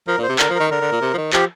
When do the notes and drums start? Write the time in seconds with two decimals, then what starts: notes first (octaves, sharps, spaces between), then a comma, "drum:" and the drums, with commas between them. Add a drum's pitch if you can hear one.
0.08 F3 A#4
0.18 A#2
0.23 C5
0.29 C3
0.39 D3 A#4, drum: clap
0.50 F3
0.55 D#3 A#4
0.70 D3 A#4
0.81 D3
0.92 A#2
1.02 C3
1.14 F3
1.18 D#3
1.33 F3 G4, drum: clap